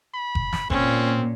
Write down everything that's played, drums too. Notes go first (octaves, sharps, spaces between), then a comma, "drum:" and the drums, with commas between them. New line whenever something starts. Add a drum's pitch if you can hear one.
B5
drum: kick F#1
drum: snare
A#2 C4 C#4, drum: kick F#1